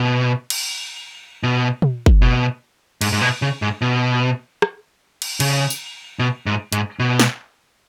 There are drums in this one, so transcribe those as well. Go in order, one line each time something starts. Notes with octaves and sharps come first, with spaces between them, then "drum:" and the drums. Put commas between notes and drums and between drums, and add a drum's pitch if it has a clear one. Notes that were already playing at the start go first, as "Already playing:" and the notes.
Already playing: B2
drum: cymbal
B2
drum: tom
drum: kick
B2
G#2, drum: cymbal
G#2
B2
C#3
G#2
B2
drum: rim click
drum: cymbal
C#3, drum: cymbal
drum: tambourine
B2
G#2
G#2, drum: hi-hat
B2
drum: snare